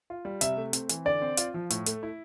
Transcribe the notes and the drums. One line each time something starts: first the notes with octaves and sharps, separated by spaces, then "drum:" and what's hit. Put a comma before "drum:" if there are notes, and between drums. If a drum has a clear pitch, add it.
F4
G3
C3 E5, drum: hi-hat
A3
C4, drum: hi-hat
E3, drum: hi-hat
D3 D5
C4
F4, drum: hi-hat
F3
A2, drum: hi-hat
A3, drum: hi-hat
E4